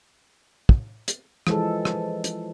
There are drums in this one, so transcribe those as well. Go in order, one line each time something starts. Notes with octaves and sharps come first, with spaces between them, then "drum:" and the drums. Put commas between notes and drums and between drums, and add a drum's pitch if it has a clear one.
drum: kick
drum: hi-hat
E3 F3 G#3 A4, drum: rim click
drum: rim click
drum: hi-hat